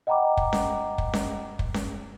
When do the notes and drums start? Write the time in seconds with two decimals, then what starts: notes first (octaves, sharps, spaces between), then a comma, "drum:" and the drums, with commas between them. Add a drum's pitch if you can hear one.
0.07 D#5 F#5 G5 A#5 B5 D6
0.37 drum: kick
0.53 drum: snare C#4
0.98 drum: kick
1.13 drum: snare C#4
1.59 drum: kick
1.74 drum: snare C#4